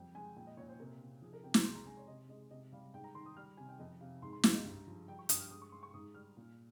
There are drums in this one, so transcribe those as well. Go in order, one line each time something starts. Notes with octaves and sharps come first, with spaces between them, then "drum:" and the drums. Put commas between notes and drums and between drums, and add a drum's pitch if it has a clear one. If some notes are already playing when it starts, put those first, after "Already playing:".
Already playing: F2 G3 G5
G#3 G#5
A#2 G5
D#5
A#2 C#5
C5
C3 A#4
C3
F3 G#4
A#4
C3 G5
A#5, drum: snare
G#3 C6
A#5
G#3 G#5
C#5
C3 D#5
G#3 D#5
C3 D#5
G3 F5
G#2 G5
A#5
D#3 C6
D#6
G3 F6
C3 G#5
G5
F2 D#5
C3 F5
G#2 C6
C6
G#2 F5, drum: snare
D#5
G2
F3
G3 G5
C#6
G2 D#6, drum: hi-hat
F6
G#3 D#6
C#6
G#3 C6
C#6
G#2 D#6
G3 F6
A#2